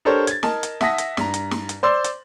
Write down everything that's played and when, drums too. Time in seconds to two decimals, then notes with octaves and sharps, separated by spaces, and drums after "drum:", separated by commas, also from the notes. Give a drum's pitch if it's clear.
0.05 D4 G4 A4 A#4 C5 C#5
0.27 G#6 A6, drum: hi-hat
0.43 A#4 D#5 A5, drum: snare
0.63 drum: hi-hat
0.81 E5 F#5 A5 D#6 A#6 B6, drum: snare
0.98 drum: hi-hat
1.17 G2 A#5, drum: snare
1.34 drum: hi-hat
1.51 drum: snare
1.69 drum: hi-hat
1.83 C5 D5 C6 E6
2.04 drum: hi-hat